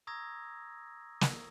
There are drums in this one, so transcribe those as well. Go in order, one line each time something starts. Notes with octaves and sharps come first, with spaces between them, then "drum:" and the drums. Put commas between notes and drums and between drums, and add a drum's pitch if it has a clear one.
A#5 C#6 D#6 E6 G#6 A#6
drum: snare